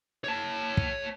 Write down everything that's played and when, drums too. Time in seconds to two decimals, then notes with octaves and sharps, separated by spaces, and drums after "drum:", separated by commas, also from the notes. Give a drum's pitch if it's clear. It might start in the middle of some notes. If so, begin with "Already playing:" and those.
0.24 C#5 A5
0.77 drum: kick